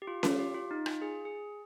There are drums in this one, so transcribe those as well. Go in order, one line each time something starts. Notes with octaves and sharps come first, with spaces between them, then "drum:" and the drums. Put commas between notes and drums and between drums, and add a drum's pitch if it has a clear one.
G4
F4
F4, drum: snare C#4
G4
F4
D#4
F4, drum: rim click
G#4
G#4